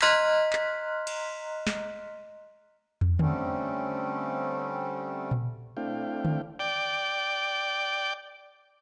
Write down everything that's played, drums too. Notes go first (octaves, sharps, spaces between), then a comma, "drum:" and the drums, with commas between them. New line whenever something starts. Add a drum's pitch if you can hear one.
D#5 A#5 C6 F6 F#6 B6, drum: clap
drum: clap
drum: cymbal
drum: snare
drum: tom
D3 G3 A3 C4 C#4, drum: tom D3
drum: tom A#2
A3 C4 D4 E4 F5 G5
drum: tom D3
D5 G5